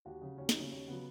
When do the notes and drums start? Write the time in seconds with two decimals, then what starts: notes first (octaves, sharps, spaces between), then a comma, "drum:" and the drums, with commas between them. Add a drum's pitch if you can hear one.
0.05 D#2 F#4
0.21 C#3 F#3
0.38 D#2 C#4
0.49 D#4, drum: snare
0.55 C#3 F#3 C#4
0.71 D#2 C#4
0.88 C#3 F#3 B3